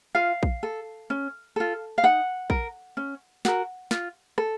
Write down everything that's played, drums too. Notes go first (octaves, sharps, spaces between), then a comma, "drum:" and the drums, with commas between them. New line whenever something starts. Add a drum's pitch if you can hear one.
F4 F5
drum: kick
A4
C#4
F4 A4
F5
D#4 F#5
A#4, drum: kick
C#4
F#4 A#4, drum: snare
F4, drum: snare
A4, drum: rim click